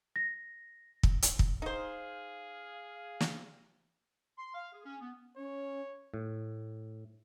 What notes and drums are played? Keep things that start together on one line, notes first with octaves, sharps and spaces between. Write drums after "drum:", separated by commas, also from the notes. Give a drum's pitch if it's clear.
A#6
drum: kick
drum: hi-hat
drum: kick
D#4 G#4 C5 F5
drum: snare
C6
F5
G#4
C#4
B3
C#4 C#5
A2